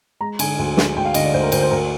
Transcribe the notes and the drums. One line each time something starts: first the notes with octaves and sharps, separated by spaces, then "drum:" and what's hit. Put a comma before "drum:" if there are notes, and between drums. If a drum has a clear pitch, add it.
G#3 A#5
D3 G#5, drum: cymbal
D2
G#3, drum: snare
D2 G5
F5
D3 D#5, drum: cymbal
D5
D2 C5
A#4
D2 C5, drum: cymbal
C5
D2 A#4